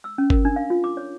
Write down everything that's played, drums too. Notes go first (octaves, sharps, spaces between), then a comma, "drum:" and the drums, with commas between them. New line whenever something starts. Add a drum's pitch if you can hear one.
E6
C#4
A#4, drum: kick G1
D4
F5
F4
D6
C#5